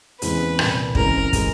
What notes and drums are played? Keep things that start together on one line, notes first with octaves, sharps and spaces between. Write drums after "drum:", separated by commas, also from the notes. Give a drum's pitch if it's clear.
E2 C#3 E3 G#3 C4 B4, drum: hi-hat
C2 A#2 G3, drum: rim click
F#2 C#3 E3 G#3 C4 A#4, drum: kick
E3 G#3, drum: kick, hi-hat